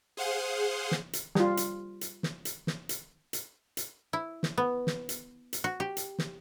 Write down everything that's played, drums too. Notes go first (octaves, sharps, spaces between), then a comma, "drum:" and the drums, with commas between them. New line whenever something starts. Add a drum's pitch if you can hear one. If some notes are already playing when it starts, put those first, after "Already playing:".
G#4 C5 F5 F#5 C6 D#6
drum: snare
drum: hi-hat
G3 F4, drum: snare
drum: hi-hat
drum: hi-hat
drum: snare
drum: hi-hat
drum: snare
drum: hi-hat
drum: hi-hat
drum: hi-hat
E4
drum: snare
B3
drum: snare
drum: hi-hat
drum: hi-hat
F#4
G4
drum: hi-hat
drum: snare